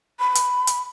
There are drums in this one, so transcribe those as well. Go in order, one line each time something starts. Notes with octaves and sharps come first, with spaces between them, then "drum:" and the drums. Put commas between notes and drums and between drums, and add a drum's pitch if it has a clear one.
B5
drum: hi-hat
drum: hi-hat